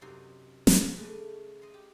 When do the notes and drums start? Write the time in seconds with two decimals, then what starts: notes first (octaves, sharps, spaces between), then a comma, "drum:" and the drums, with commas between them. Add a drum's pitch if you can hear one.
0.01 F#2 C3 D#4 C#5 D5 C6
0.67 drum: snare
0.97 C#3 G#3 A3 B4 D5 G#5
1.62 D#5 C6
1.74 G4